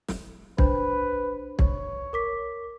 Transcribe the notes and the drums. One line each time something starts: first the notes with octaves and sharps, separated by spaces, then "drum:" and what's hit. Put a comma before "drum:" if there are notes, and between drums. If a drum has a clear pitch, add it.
drum: snare
D4 B4 C5, drum: kick
C#5, drum: kick
A#4 D6 B6